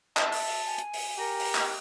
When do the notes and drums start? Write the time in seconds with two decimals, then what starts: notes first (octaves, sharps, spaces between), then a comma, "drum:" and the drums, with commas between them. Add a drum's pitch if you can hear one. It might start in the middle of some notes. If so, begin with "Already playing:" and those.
0.17 E5 A5, drum: clap
0.32 drum: open hi-hat
0.47 drum: open hi-hat
0.66 G#5
0.78 drum: hi-hat
0.93 drum: open hi-hat
1.17 G4 A#4 A#5
1.40 drum: open hi-hat
1.55 drum: clap